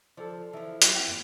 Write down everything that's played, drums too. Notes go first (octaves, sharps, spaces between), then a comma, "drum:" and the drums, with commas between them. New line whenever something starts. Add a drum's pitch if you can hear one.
F3 A4 D5
E3 F3
F#3, drum: hi-hat
C4 F#5 G5
F#2 A#3